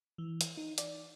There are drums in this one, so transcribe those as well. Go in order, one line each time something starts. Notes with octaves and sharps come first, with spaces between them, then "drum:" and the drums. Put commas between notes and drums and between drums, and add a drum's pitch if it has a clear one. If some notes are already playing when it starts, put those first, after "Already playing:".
E3
drum: hi-hat
D#4
D5, drum: hi-hat